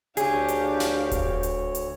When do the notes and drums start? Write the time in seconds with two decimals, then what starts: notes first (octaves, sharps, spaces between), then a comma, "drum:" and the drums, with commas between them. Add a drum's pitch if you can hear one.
0.17 D2 D4 G4 G#4 C#5 F5, drum: hi-hat
0.48 drum: hi-hat
0.80 drum: snare
1.12 drum: kick D#1, hi-hat
1.43 drum: hi-hat
1.75 drum: hi-hat